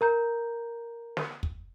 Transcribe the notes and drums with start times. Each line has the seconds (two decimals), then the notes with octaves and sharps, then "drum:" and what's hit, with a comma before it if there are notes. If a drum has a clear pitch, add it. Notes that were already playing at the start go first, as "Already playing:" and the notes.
0.01 A#4 A#5 G6
1.17 drum: snare
1.43 drum: kick